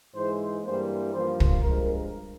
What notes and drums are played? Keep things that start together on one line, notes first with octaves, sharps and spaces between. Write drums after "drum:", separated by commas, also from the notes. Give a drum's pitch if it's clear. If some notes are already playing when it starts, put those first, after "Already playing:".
G#2 E3 G#3 C5
G2 E3 G3 A#3 C5
G2 F3 A#3 C5
drum: kick
G2 F3 G#3 A#4